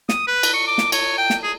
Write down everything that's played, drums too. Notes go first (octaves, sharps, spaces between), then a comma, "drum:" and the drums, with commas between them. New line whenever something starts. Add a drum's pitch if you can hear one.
D#6, drum: snare
B4
drum: cymbal
C#6
D6
drum: snare
C#5, drum: cymbal
G5
drum: snare
G#4